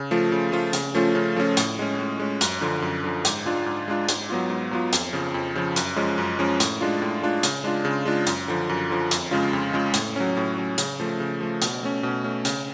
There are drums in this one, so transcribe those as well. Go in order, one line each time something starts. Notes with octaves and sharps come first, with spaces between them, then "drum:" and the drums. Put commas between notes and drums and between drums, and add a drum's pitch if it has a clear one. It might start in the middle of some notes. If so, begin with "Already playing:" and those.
Already playing: C#3
F3 A3 F4
C#3
F3 A3 F4
C#3, drum: hi-hat
F3 A3 C#4 F4
C#3
F3 A3 C#4 F4
A2, drum: hi-hat
G#3 C#4
A2
G#3 C#4
F#2, drum: hi-hat
D3 F3
F#2
D3 F3
G#2, drum: hi-hat
G#3 D4 F4
G#2
G#3 D4 F4
G#2, drum: hi-hat
F#3 B3 F4
G#2
F#3 B3 F4
F2, drum: hi-hat
C#3 F3
F2
C#3 F3
F#2, drum: hi-hat
F3 G#3 C#4
F#2
F3 G#3 C#4
A2, drum: hi-hat
G#3 D4 F4
A2
G#3 D4 F4
C#3, drum: hi-hat
G#3 D4 F4
C#3
G#3 D4 F4
F#2, drum: hi-hat
D3 F3
F#2
D3 F3
F2, drum: hi-hat
C#3 G#3 C#4 F4
F2
C#3 G#3 C#4 F4
A2, drum: hi-hat
F#3 C#4
A2
F#3 C#4
C#3, drum: hi-hat
F3 A3
C#3
F3 A3
B2, drum: hi-hat
A3 C#4
B2
A3 C#4
C#3, drum: hi-hat